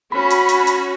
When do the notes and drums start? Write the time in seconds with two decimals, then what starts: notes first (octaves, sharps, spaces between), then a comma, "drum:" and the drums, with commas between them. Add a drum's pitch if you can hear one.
0.12 C#4 F#4 B5
0.30 drum: hi-hat
0.49 drum: hi-hat
0.67 drum: hi-hat